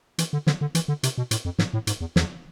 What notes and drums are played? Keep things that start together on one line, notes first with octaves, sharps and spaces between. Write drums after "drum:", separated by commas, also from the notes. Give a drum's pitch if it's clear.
E3, drum: hi-hat
D3
D3, drum: snare
D3
E3, drum: hi-hat
D3
C3, drum: hi-hat
B2
A2, drum: hi-hat
F2
G#2, drum: snare
A2
G#2, drum: hi-hat
E2
E2, drum: snare